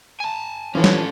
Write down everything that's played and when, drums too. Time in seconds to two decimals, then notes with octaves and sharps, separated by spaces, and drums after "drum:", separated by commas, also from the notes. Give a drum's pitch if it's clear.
0.20 G#5 A5
0.75 E3 F3 C#4 D4 A4 C#5
0.84 drum: snare